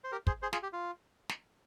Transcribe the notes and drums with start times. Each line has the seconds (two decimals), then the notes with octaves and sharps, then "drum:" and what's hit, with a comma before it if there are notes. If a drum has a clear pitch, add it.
0.04 C5
0.12 G4 A#4
0.27 G#4 C5, drum: kick
0.42 G#4 C5
0.53 F4 G#4, drum: snare
0.63 G4
0.73 F4
1.29 drum: snare